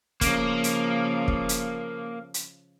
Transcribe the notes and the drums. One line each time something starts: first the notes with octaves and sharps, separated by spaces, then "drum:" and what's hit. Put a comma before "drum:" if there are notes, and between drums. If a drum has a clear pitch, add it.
C#3 F3 A#3, drum: kick, hi-hat
drum: hi-hat
drum: kick
drum: hi-hat
drum: hi-hat